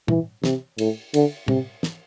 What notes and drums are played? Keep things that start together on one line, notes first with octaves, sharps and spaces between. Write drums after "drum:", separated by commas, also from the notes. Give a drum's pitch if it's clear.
E3, drum: tom
C3, drum: snare
A2, drum: cymbal
D3, drum: cymbal
C3, drum: tom
drum: snare